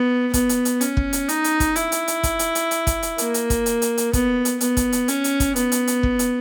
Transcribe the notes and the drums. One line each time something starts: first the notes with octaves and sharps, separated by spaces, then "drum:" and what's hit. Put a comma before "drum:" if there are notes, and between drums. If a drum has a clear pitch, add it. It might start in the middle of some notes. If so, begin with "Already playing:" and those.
Already playing: B3
B3, drum: kick, hi-hat
drum: hi-hat
drum: hi-hat
C#4, drum: hi-hat
drum: kick
drum: hi-hat
D#4, drum: hi-hat
drum: hi-hat
drum: kick, hi-hat
E4, drum: hi-hat
drum: hi-hat
drum: hi-hat
drum: kick, hi-hat
drum: hi-hat
drum: hi-hat
drum: hi-hat
drum: kick, hi-hat
drum: hi-hat
A#3, drum: hi-hat
drum: hi-hat
drum: kick, hi-hat
drum: hi-hat
drum: hi-hat
drum: hi-hat
B3, drum: kick, hi-hat
drum: hi-hat
B3, drum: hi-hat
drum: kick, hi-hat
drum: hi-hat
C#4, drum: hi-hat
drum: hi-hat
drum: kick, hi-hat
B3, drum: hi-hat
drum: hi-hat
drum: hi-hat
drum: kick
drum: hi-hat